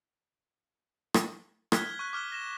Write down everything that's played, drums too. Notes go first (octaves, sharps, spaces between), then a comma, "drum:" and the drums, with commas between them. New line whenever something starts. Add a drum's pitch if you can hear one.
drum: rim click
F6 F#6 G#6 B6 G7, drum: rim click
C#6 F#6
D6 F6 F#6 G7
A#6 E7